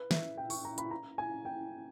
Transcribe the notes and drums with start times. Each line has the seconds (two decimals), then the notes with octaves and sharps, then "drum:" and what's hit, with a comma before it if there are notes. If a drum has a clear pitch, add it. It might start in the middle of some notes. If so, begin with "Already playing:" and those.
Already playing: B4
0.11 E5, drum: snare
0.37 G5
0.50 C#6, drum: open hi-hat
0.65 A#5
0.78 B5, drum: hi-hat
0.91 A#5
1.18 G#5
1.45 G5